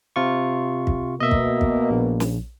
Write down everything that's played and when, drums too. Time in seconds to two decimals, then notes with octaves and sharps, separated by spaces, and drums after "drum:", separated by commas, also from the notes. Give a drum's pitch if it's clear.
0.16 C3 F4 C#6
0.87 drum: kick
1.20 B2 A#3 D#5 E5
1.31 drum: kick
1.61 drum: kick
1.91 A#1
2.20 drum: snare